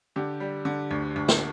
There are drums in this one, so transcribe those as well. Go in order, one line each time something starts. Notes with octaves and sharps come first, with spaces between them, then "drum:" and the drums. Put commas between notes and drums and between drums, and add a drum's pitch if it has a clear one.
D3 G4
G3
D3
D2
D2
drum: snare